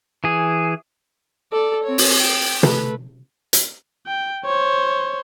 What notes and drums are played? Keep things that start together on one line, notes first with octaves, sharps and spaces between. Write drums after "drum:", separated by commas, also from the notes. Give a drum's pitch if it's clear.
E3 G#4
A4 D5
C4 C#5
drum: open hi-hat
G5
A3 B4, drum: tom
drum: hi-hat
G5
C5 C#5